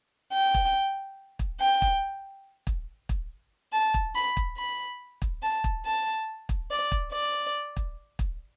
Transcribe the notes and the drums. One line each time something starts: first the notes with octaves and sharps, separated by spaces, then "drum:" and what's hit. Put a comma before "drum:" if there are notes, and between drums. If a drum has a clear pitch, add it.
G5
drum: kick
drum: kick
G5
drum: kick
drum: kick
drum: kick
A5
drum: kick
B5
drum: kick
B5
drum: kick
A5
drum: kick
A5
drum: kick
D5
drum: kick
D5
drum: kick
drum: kick